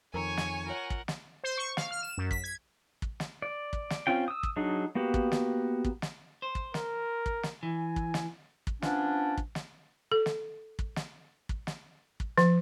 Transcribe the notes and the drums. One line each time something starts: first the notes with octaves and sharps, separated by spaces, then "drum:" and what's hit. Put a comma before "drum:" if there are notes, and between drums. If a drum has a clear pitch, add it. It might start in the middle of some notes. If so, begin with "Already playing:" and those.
F2 D#3 A#4 C#5 G#5 A#5 C#6
drum: snare
F4 A#4 C#5 F#5
drum: kick
drum: snare
C5
C#6
F5, drum: snare
F6
E7
F#2
B6, drum: kick
G#6
drum: kick
drum: snare
D5
drum: kick
drum: snare
C4 C#4 F4 G5
D#6 E6
drum: kick
F#3 D4 D#4 G#4
A#3 B3 F#4 G4
drum: kick
drum: snare
drum: kick
drum: snare
C5
drum: kick
A#4, drum: snare
drum: kick
drum: snare
E3 G#5
drum: kick
drum: snare
drum: kick
F3 B3 C#4 D4, drum: snare
drum: kick
drum: snare
A4
drum: snare
drum: kick
drum: snare
drum: kick
drum: snare
drum: kick
F3, drum: snare